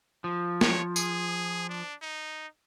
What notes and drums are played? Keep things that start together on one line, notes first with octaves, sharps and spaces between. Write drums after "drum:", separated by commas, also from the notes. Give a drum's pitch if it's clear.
F3
C#5, drum: snare
G#4, drum: tambourine
D4
D#4